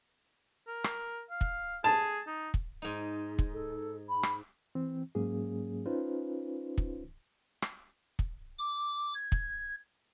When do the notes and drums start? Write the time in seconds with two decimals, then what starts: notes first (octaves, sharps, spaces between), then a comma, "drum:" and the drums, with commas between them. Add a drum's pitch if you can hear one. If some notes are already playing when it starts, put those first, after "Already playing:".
0.68 A#4
0.84 drum: rim click
1.30 F5
1.41 drum: kick
1.84 G#4 A5
2.27 D#4
2.54 drum: kick
2.82 G#2 D#4
3.39 drum: kick
3.53 A4
4.09 B5
4.23 drum: rim click
4.75 E3 C4
5.15 G#2 F#3 A#3 C#4 G#4
5.86 C#4 D#4 F4 B4 C5
6.78 drum: kick
7.62 drum: rim click
8.19 drum: kick
8.59 D6
9.14 G#6
9.32 drum: kick